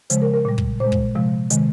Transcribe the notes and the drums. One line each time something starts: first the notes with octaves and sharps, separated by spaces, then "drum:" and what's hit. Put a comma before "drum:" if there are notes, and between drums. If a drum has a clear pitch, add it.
C#3 F3 G#3 C5, drum: hi-hat
A#4
A#4
A#2 G3
drum: kick
A#2 G#3 C5
drum: kick
C3 F3 G#3
C3 D#3 G#3, drum: hi-hat